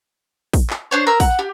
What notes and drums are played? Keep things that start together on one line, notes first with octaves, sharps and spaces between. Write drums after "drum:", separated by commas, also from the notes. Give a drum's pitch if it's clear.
drum: kick, open hi-hat
drum: clap
D4 C5 C#5
A#4 E6
F#5, drum: kick, open hi-hat
G4